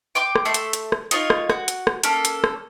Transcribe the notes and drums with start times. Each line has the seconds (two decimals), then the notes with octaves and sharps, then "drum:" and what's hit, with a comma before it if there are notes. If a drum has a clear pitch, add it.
0.15 G5 C6 D6
0.35 drum: rim click
0.45 A3 E5 C6
0.54 drum: hi-hat
0.73 drum: hi-hat
0.92 drum: rim click
1.11 D#4 F4 C#5, drum: hi-hat
1.30 drum: rim click
1.50 F#4, drum: rim click
1.68 drum: hi-hat
1.87 drum: rim click
2.04 A#3 C#4 A4, drum: hi-hat
2.25 drum: hi-hat
2.44 drum: rim click